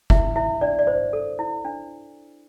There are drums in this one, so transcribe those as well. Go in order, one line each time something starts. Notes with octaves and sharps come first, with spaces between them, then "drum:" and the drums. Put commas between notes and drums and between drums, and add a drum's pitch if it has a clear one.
E4 E5, drum: kick F#1
E4 E5
D4 D5
D5
C5
A4
E4
D4